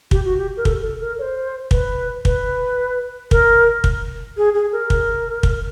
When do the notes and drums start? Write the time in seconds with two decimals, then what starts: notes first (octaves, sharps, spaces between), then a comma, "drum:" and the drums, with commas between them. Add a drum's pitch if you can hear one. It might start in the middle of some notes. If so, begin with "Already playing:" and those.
0.11 G4, drum: kick
0.25 F#4
0.38 G4
0.57 A#4
0.65 A4, drum: kick
0.82 A4
1.01 A#4
1.19 C#5
1.22 C5
1.71 B4, drum: kick
2.25 B4, drum: kick
3.31 A#4, drum: kick
3.84 drum: kick
4.37 G#4
4.54 G#4
4.72 A#4
4.90 drum: kick
5.43 drum: kick